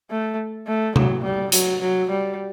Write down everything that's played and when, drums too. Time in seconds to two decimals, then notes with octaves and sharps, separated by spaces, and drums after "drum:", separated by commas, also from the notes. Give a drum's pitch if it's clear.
0.10 A3
0.67 A3
0.96 F#3, drum: tom C3
1.24 G3
1.52 F#3, drum: hi-hat
1.81 F#3
2.10 G3